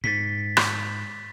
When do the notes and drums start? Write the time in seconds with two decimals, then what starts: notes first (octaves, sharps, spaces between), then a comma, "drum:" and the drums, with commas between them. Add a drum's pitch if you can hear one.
0.04 G#2 A6 B6
0.57 drum: rim click